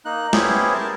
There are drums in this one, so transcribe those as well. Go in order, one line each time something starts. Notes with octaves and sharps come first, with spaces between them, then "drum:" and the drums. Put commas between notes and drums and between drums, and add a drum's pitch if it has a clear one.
A#3 D#4 F#6
B3 C#4 E4 G4 G#4 C5, drum: snare
A#4 A5